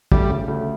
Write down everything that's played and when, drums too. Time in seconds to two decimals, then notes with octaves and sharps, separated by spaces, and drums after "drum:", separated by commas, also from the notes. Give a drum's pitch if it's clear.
0.12 D2 G3, drum: kick
0.30 C#3
0.48 D2